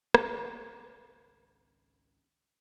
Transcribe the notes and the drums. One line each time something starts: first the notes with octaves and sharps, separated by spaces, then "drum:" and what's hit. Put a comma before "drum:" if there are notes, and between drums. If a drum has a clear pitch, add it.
G#1 C#2 C#4, drum: rim click